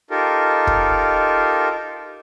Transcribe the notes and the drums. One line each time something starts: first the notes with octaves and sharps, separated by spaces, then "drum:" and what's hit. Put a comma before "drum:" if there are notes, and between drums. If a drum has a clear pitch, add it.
D#4 F4 G4 A4 A#4
drum: kick